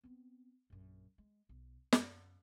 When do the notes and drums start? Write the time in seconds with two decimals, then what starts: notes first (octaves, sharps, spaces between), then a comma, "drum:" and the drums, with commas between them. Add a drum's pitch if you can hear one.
0.03 B3 C4
0.70 A#1 F#2
1.18 G#3
1.49 B1
1.92 F#2, drum: snare